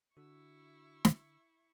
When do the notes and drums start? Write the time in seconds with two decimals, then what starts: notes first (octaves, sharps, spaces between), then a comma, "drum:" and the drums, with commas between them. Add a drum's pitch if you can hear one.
0.17 D3 D4 E4 F#4 C#6 E6
1.05 drum: snare